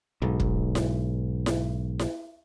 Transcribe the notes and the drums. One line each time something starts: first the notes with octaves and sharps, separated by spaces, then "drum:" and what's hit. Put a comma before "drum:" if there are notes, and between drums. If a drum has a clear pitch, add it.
B1 G#2
drum: kick
drum: snare E4
drum: snare E4
drum: snare E4